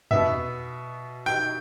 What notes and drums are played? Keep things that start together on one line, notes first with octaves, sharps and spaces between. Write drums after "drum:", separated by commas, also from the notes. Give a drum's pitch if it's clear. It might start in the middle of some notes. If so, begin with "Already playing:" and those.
B2 B3 E5, drum: tom
G5